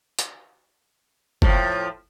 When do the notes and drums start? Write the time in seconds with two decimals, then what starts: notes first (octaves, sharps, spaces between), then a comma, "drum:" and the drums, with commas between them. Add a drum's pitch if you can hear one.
0.19 drum: hi-hat
1.42 A2 F3, drum: kick